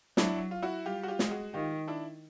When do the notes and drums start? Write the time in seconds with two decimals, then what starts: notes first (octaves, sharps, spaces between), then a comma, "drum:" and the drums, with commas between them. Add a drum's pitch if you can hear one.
0.17 F#3 D4 E4, drum: snare
0.51 F4
0.63 E4 F#4
0.85 G3 F4 G4
1.03 F#4
1.08 F4 G4
1.19 G#3, drum: snare
1.31 F#4 G#4
1.54 D#3 F4 G4
1.88 D4 E4